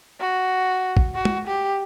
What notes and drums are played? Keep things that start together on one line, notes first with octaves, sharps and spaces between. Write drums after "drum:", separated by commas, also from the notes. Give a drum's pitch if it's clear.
F#4
drum: kick
F#4
drum: tom G#3
G4